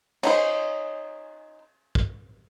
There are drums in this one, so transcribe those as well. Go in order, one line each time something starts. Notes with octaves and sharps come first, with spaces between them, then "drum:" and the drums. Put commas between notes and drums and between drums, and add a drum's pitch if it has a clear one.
C#4 D#4 C5, drum: cymbal
drum: kick